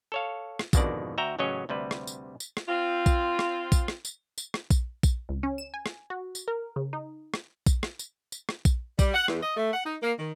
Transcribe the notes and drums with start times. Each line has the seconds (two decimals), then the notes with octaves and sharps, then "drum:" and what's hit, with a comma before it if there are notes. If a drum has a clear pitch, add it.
0.12 A4 C#5 F5
0.59 drum: rim click
0.73 G#1 F2 B2 D3 D#3 D5, drum: kick A#1, tambourine
1.18 D2 F#4 E5 G5 A#5
1.38 A1 C#3 F#3 C#4 C#5 D#5
1.69 D2 C3 G3 B4
1.91 drum: rim click
2.07 drum: tambourine
2.40 drum: tambourine
2.57 drum: rim click
2.68 C4 F4
3.06 drum: kick A#1, tambourine
3.39 drum: rim click
3.72 drum: kick A#1, tambourine
3.88 drum: rim click
4.05 drum: tambourine
4.38 drum: tambourine
4.54 drum: rim click
4.70 drum: kick A#1, tambourine
5.03 drum: kick A#1, tambourine
5.29 C#2
5.43 C#4
5.58 E7
5.74 G#5
5.86 drum: rim click
6.10 F#4
6.35 drum: tambourine
6.48 A#4
6.76 C#3
6.93 D#4
7.34 drum: rim click
7.66 drum: kick A#1, tambourine
7.83 drum: rim click
7.99 drum: tambourine
8.32 drum: tambourine
8.49 drum: rim click
8.65 drum: kick A#1, tambourine
8.99 G3, drum: kick A#1, tambourine
9.14 F#5
9.28 E2, drum: rim click
9.43 D#5
9.57 A3
9.73 F#5
9.85 D#4
10.03 A#3
10.19 D#3